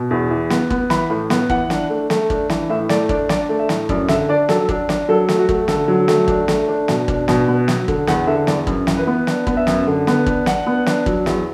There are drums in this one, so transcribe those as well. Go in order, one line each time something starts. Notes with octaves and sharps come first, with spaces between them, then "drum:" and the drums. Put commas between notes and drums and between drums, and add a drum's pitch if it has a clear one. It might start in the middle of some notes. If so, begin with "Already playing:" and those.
Already playing: B2
E2
E3
B3, drum: snare
B3, drum: kick
E3 B5, drum: snare
A2
B3, drum: snare
E3 F#5, drum: kick
D4, drum: snare
A3
A3, drum: snare
D4, drum: kick
E3, drum: snare
A2 E5
A3 D5, drum: snare
D4 D5, drum: kick
D4 D5, drum: snare
A3
E5
A2, drum: snare
F#2 D5, drum: kick
D3 E5, drum: snare
D4 D5
F#3 A4, drum: snare
D4, drum: kick
D4, drum: snare
F#3 A4
A3, drum: snare
F#4
A3, drum: kick
D3 A4, drum: snare
F#3
A3, drum: snare
D4, drum: kick
A3, drum: snare
D4
B2, drum: snare
D4, drum: kick
B2, drum: snare
B3
F#3, drum: snare
D3, drum: kick
E2 F#5, drum: snare
D3 E5
E2 D5, drum: snare
F#2, drum: kick
E3, drum: snare
B4
B3
D4, drum: snare
B3, drum: kick
E5
F#2, drum: snare
D3
B3, drum: snare
D4, drum: kick
D4 F#5, drum: snare
B3
D4, drum: snare
F#3, drum: kick
E2, drum: snare